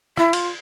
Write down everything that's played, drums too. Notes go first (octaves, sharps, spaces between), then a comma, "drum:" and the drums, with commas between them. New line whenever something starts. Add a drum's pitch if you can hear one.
E4, drum: rim click
F4, drum: cymbal